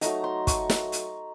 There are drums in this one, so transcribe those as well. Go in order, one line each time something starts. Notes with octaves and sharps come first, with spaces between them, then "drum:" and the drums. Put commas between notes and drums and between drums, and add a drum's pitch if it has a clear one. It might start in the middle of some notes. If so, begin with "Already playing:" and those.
F#3 A3 D#4 A#5, drum: hi-hat
C6
C#6, drum: kick, hi-hat
drum: snare
drum: hi-hat